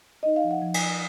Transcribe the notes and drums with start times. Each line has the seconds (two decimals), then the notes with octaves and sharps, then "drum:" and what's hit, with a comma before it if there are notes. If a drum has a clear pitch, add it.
0.23 D#4 D#5
0.36 F5
0.44 F3
0.51 F#5
0.62 F3
0.74 drum: cymbal